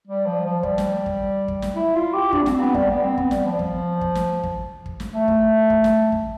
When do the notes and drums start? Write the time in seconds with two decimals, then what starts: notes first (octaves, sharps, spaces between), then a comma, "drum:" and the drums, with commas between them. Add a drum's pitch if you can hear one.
0.07 G3
0.26 F3
0.46 F3
0.63 G3, drum: kick
0.78 drum: snare
1.06 drum: kick
1.48 drum: kick
1.62 drum: snare
1.76 E4
1.95 F4
2.14 G4
2.33 D4, drum: kick
2.42 B3
2.46 C4, drum: snare
2.60 B3
2.74 G3, drum: kick
2.89 B3
3.03 C4
3.18 B3, drum: kick
3.31 G3, drum: snare
3.46 F3
3.59 drum: kick
4.01 drum: kick
4.15 drum: snare
4.43 drum: kick
4.86 drum: kick
5.00 drum: snare
5.14 A3
5.28 drum: kick
5.70 drum: kick
5.84 drum: snare
6.12 drum: kick